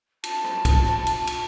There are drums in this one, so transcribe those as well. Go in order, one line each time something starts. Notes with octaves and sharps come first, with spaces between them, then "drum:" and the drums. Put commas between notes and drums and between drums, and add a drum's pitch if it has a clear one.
A5, drum: cymbal
drum: rim click
drum: kick, cymbal
drum: rim click
drum: cymbal
drum: cymbal